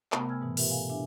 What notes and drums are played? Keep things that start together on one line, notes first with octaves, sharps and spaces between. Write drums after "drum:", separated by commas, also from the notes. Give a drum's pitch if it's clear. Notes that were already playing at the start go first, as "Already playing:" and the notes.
C3 A3 B3 A#4, drum: clap
G5 G#5 E6 F6 G#6
G#2 B2 E3
F4 G4 A#4 B4 E5, drum: open hi-hat
A4 F5 G#5
D4 E4 G4 E5 G#5